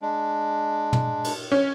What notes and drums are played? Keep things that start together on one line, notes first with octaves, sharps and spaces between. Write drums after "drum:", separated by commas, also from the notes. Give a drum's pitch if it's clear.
G#3 D4
drum: tom
drum: cymbal
C#4